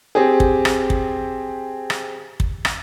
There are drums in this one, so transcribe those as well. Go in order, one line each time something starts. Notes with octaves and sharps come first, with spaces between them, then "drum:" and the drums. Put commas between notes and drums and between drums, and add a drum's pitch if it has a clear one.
C4 G4 G#4
drum: kick
drum: rim click
drum: kick
drum: rim click
drum: kick
drum: rim click